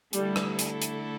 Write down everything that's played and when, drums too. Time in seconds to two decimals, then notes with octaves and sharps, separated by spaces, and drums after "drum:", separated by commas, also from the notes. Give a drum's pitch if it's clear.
0.13 D3 G3 A3 E4 A4, drum: hi-hat
0.36 drum: rim click
0.59 drum: hi-hat
0.82 drum: hi-hat